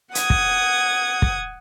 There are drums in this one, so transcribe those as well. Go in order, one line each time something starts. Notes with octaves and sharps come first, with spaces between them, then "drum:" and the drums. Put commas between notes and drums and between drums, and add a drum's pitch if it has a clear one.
F#5 D#6 G#6, drum: hi-hat
drum: kick
drum: kick